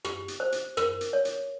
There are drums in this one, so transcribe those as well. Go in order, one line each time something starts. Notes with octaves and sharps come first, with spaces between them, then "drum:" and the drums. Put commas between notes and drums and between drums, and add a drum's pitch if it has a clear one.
G4, drum: rim click
drum: hi-hat
C5
drum: hi-hat
A#4, drum: rim click
drum: hi-hat
C#5
drum: hi-hat